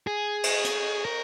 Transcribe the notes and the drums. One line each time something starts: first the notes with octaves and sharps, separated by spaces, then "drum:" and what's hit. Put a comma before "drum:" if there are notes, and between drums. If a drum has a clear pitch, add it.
G#4
drum: cymbal
drum: hi-hat
A#4